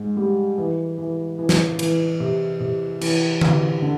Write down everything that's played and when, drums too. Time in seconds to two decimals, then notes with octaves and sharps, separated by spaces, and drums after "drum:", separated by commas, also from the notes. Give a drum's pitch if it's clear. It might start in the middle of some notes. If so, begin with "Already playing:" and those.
Already playing: G#2
0.17 G3
0.58 E3
0.98 E3
1.39 E3
1.49 drum: snare
1.79 E3, drum: cymbal
2.20 C3
2.60 C3
3.01 E3, drum: cymbal
3.41 E3, drum: tom D3
3.82 D3